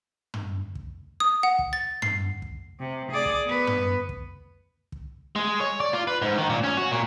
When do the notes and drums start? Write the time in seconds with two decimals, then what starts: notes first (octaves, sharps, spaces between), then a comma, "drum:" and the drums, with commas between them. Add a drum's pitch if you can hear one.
0.34 drum: tom
0.75 drum: kick
1.20 D#6
1.43 F#5
1.59 drum: kick
1.73 A6
2.02 C7, drum: tom
2.42 drum: kick
2.80 C3
3.12 G#4 D5
3.26 drum: kick
3.47 B3 B4
3.67 drum: tom
4.09 drum: kick
4.92 drum: kick
5.36 G#3
5.60 C#5
5.80 D5
5.93 F4
6.08 B4
6.22 G#2
6.38 D#3
6.50 A#2
6.64 C#4
6.77 F#4
6.91 A#2